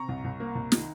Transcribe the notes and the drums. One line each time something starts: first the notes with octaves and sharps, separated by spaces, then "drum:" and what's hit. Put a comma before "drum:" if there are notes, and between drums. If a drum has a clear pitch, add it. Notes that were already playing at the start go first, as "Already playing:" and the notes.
Already playing: C3 A#5 C#6
C2
C2
A#3
C2
D#3, drum: snare